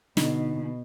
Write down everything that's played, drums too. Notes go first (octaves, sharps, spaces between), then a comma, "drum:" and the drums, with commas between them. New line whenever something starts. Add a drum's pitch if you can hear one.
B2 D3 D#4, drum: snare